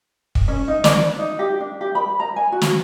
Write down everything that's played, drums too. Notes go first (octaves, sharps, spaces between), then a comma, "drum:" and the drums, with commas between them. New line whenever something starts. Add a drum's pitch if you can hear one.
drum: kick
C#4
D#4
D5, drum: snare
D4
D#4
G4
D4
G4
B5
A#5
G#5
F#4
drum: snare